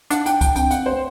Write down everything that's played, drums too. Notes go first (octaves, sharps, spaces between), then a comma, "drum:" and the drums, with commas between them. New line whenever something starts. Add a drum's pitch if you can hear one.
D4 F#5, drum: hi-hat
G5, drum: hi-hat
G5, drum: kick C#2, hi-hat
C4 G5, drum: hi-hat
F#5, drum: hi-hat
C5
A3